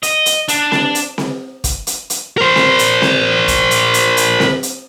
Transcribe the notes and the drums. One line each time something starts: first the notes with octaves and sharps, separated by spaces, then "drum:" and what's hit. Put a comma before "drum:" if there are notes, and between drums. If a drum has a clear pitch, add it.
D#5, drum: hi-hat
drum: hi-hat
D4, drum: hi-hat
drum: snare C4
drum: hi-hat
drum: snare C4
drum: kick, hi-hat
drum: hi-hat
drum: hi-hat
A#4 C5
drum: snare C4
drum: hi-hat
drum: snare C4
drum: kick, hi-hat
drum: hi-hat
drum: hi-hat
drum: hi-hat
drum: snare C4
drum: hi-hat